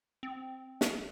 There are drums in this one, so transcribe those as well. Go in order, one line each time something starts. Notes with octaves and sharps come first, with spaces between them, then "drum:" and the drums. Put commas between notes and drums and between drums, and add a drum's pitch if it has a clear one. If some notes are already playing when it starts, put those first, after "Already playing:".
C4
drum: snare